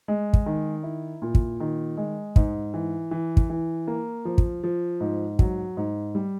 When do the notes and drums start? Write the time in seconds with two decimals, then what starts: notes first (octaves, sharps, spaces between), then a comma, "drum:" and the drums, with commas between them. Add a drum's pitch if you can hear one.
0.08 G#3
0.33 drum: kick
0.46 D#3
0.83 E4
1.22 A#2
1.35 drum: kick
1.60 D#3
1.97 G#3
2.36 G#2, drum: kick
2.74 E3
3.11 E3
3.37 drum: kick
3.50 E3
3.88 A#3
4.25 F3
4.38 drum: kick
4.63 F3
5.00 G#2
5.39 F#3, drum: kick
5.77 G#2
6.15 G3